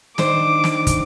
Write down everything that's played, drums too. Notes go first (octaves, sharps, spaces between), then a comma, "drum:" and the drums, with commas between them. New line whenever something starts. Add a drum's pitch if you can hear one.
D#3 D4 C5 D6, drum: snare
drum: snare
drum: kick, hi-hat